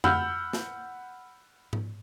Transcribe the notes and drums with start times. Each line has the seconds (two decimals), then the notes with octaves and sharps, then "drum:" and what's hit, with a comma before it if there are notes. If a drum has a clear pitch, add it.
0.04 F#5 B5 E6 F6 G6, drum: tom F2
0.53 drum: snare
1.73 drum: tom G#2